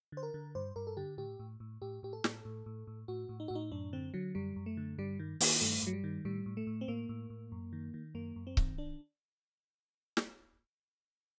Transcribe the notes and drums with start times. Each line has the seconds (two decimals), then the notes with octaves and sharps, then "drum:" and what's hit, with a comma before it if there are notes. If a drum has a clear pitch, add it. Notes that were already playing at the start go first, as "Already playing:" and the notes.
0.12 D3 C5
0.23 A#4
0.34 D3
0.55 G2 C5
0.76 G2 A#4
0.87 A4
0.97 D3 G4
1.18 A2 G4
1.39 A2
1.60 A2
1.82 A2 G4
2.03 A2 G4
2.13 A4
2.24 A2, drum: snare
2.45 A2
2.66 A2
2.87 A2
3.08 A2 F#4
3.29 A2
3.40 D#4
3.48 A2 F#4
3.55 D#4
3.72 F#2 D4
3.93 D3 C4
4.14 D3 F#3
4.35 F#2 G3
4.56 F#2
4.66 A3
4.77 D3
4.98 G2 G3
5.19 D#3
5.40 D#3 A#3, drum: open hi-hat
5.61 G2 A3
5.83 G2 F#3
5.93 G3
6.04 D#3
6.25 A2 G3
6.46 A2
6.57 A3
6.67 A2
6.81 C4
6.88 A2 A#3
7.09 A2
7.30 A2
7.52 F#2
7.73 D#3
7.94 D#3
8.15 F#2 A#3
8.36 F#2
8.47 C4
8.57 D#3, drum: kick C#1
8.78 D4
10.17 drum: snare